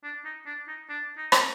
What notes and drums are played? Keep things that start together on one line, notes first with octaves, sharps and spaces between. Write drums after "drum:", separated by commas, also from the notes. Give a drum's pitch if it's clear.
D4
D#4
D4
D#4
D4
D#4
drum: rim click